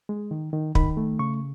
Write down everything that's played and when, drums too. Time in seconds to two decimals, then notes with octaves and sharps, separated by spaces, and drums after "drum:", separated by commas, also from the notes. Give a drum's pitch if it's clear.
0.09 G#3
0.31 D#3
0.53 D#3
0.75 D#3 B5, drum: kick
0.97 A3
1.19 C#3 C#6